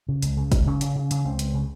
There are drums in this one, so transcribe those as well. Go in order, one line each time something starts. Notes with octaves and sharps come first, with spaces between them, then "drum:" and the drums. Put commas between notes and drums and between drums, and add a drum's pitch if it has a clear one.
C#3
C#2, drum: hi-hat
C#3
C#2, drum: kick, hi-hat
C#3 C#4
C#3, drum: hi-hat
C#3
C#3, drum: hi-hat
C#2 C4
C#2, drum: hi-hat
C#3